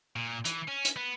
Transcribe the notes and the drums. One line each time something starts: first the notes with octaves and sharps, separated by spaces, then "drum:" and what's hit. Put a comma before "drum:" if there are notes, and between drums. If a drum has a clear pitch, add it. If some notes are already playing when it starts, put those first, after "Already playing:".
A#2
E3, drum: hi-hat
C#4
drum: hi-hat
B3